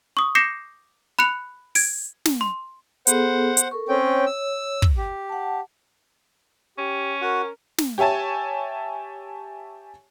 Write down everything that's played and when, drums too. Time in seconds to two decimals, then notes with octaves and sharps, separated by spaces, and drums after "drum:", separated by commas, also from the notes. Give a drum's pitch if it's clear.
0.17 C#6 D#6
0.35 D6 G6 A#6 C7 C#7 E7
1.19 B5 F#6 C#7 F7
1.75 G#6 D7, drum: open hi-hat
2.26 drum: snare
2.41 C6
3.07 B3 G#4 A4 C5 F#5, drum: hi-hat
3.57 drum: hi-hat
3.71 A4 A#4 C#6
3.89 C4 C#4 C#5 G5
4.26 E6
4.82 drum: kick
4.97 G4
5.29 F#5 A5
6.78 C#4 G4
7.22 F#4 A#4
7.78 drum: snare
7.98 G4 C#5 E5 G#5 A5